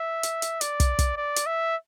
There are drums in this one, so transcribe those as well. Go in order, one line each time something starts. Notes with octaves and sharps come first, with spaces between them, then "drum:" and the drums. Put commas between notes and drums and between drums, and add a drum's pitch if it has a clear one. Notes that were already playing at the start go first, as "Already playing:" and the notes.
Already playing: E5
drum: hi-hat
drum: hi-hat
D5, drum: hi-hat
drum: kick, hi-hat
drum: kick, hi-hat
D5
drum: hi-hat
E5